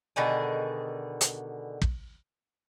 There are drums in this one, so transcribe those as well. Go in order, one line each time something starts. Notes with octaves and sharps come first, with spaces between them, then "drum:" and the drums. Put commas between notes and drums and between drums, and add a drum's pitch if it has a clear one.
B2 D3 D#3 G#4
drum: hi-hat
drum: kick